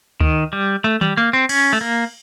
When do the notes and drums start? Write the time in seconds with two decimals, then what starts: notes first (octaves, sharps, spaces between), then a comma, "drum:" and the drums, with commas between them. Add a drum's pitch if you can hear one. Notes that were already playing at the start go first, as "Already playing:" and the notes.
0.20 D#3, drum: kick D2
0.53 G3
0.84 A3
1.01 G3, drum: tom D#3
1.17 A#3
1.33 C4
1.49 C#4, drum: cymbal
1.73 A3
1.81 A#3